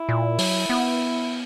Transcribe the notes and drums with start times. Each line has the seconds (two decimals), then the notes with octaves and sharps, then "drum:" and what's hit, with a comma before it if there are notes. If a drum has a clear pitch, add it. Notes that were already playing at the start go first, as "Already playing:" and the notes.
Already playing: E4
0.09 A#2
0.39 F#3, drum: open hi-hat
0.70 B3